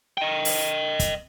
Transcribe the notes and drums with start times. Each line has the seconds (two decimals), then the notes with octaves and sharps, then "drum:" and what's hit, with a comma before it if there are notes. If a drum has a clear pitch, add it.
0.18 D#5 G5
0.45 drum: open hi-hat
0.99 drum: kick, hi-hat